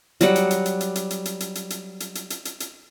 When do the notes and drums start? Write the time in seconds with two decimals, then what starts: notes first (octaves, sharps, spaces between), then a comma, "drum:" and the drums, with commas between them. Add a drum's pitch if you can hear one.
0.21 F#3 G3 F#5, drum: hi-hat
0.36 drum: hi-hat
0.51 drum: hi-hat
0.66 drum: hi-hat
0.81 drum: hi-hat
0.95 drum: hi-hat
1.10 drum: hi-hat
1.25 drum: hi-hat
1.40 drum: hi-hat
1.55 drum: hi-hat
1.70 drum: hi-hat
2.00 drum: hi-hat
2.15 drum: hi-hat
2.30 drum: hi-hat
2.45 drum: hi-hat
2.60 drum: hi-hat